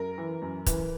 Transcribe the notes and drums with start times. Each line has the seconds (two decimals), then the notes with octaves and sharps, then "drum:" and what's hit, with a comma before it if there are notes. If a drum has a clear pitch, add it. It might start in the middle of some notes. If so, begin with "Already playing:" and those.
Already playing: F#2 A#4
0.18 E3
0.42 F#2
0.67 E3, drum: kick, hi-hat